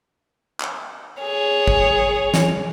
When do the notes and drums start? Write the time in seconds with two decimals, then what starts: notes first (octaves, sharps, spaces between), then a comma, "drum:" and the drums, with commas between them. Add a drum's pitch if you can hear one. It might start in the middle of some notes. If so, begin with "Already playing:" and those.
0.60 drum: clap
1.22 G#4 C#5
1.67 drum: kick
2.34 drum: snare